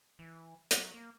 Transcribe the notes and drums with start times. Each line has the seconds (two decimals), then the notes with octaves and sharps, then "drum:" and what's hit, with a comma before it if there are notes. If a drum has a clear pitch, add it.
0.19 E3
0.71 F#3, drum: hi-hat
0.94 A#3